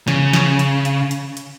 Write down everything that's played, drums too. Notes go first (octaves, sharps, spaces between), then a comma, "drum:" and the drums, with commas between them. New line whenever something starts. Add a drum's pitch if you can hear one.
C#3, drum: snare
drum: snare
drum: hi-hat
drum: hi-hat
drum: hi-hat
drum: hi-hat